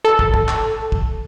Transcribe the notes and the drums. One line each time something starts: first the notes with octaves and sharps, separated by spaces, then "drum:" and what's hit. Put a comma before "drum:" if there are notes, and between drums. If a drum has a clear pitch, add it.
A4
drum: kick
drum: kick
drum: clap
drum: kick